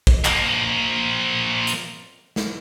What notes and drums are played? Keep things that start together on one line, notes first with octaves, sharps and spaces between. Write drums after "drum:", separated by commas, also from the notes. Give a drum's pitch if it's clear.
drum: kick
F3 A#3, drum: clap
drum: hi-hat
drum: snare